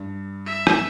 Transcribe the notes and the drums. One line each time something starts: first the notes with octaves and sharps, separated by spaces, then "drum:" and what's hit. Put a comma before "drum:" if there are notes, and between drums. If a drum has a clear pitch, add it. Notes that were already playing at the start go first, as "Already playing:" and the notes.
Already playing: G2
E5
drum: rim click